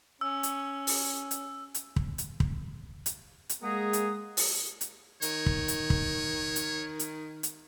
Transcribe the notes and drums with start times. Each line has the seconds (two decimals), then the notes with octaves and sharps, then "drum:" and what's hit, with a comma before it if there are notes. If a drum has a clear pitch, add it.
0.21 C#4 E6
0.43 drum: hi-hat
0.87 drum: open hi-hat
1.31 drum: hi-hat
1.74 drum: hi-hat
1.96 drum: kick
2.18 drum: hi-hat
2.40 drum: kick
3.06 drum: hi-hat
3.49 drum: hi-hat
3.63 G#3 A#3 G#4 F#5 A#5 D#6
3.93 drum: hi-hat
4.37 drum: open hi-hat
4.81 drum: hi-hat
5.22 D#3 C#5, drum: hi-hat
5.46 drum: kick
5.68 drum: hi-hat
5.90 drum: kick
6.56 drum: hi-hat
6.99 drum: hi-hat
7.43 drum: hi-hat